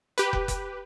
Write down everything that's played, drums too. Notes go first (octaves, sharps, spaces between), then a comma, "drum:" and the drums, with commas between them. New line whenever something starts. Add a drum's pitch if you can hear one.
G4 B4, drum: hi-hat
drum: kick
drum: kick, hi-hat